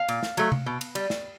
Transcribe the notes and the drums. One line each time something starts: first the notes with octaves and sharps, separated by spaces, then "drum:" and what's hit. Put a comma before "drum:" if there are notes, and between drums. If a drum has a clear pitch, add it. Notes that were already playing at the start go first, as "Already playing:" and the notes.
Already playing: F5
A#2, drum: cymbal
drum: snare
F#3 A3, drum: cymbal
drum: tom C3
B2
drum: cymbal
G3, drum: cymbal
drum: snare